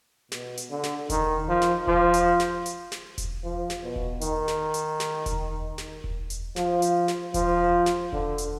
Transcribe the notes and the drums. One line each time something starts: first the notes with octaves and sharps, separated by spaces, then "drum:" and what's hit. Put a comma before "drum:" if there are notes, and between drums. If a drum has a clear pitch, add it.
B2, drum: snare
drum: hi-hat
D3
drum: snare
D#3, drum: kick E1, hi-hat
F3
drum: snare
F3, drum: kick E1
drum: hi-hat
drum: snare
drum: hi-hat
drum: snare
drum: kick E1, hi-hat
F3
drum: snare
B2
drum: kick E1
D#3, drum: hi-hat
drum: snare
drum: hi-hat
drum: snare
drum: kick E1, hi-hat
drum: snare
drum: kick E1
drum: hi-hat
F3, drum: snare
drum: hi-hat
drum: snare
F3, drum: kick E1, hi-hat
drum: snare
D3, drum: kick E1
drum: hi-hat